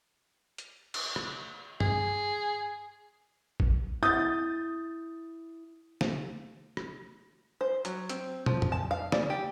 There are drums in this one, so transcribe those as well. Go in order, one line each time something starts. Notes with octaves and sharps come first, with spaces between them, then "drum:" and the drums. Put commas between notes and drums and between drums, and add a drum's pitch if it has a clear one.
drum: hi-hat
drum: cymbal
drum: rim click
G#4, drum: tom G2
drum: kick G#1
E4 D#6 G6 A6
drum: snare
drum: rim click
C5
F#3, drum: hi-hat
C4, drum: hi-hat
F3, drum: tom
drum: tom F2
A5
F5
D5, drum: snare
G4